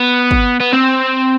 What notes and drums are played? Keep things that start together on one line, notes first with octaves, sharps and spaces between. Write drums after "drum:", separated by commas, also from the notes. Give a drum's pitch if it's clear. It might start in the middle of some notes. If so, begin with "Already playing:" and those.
Already playing: B3
drum: kick
B3
C4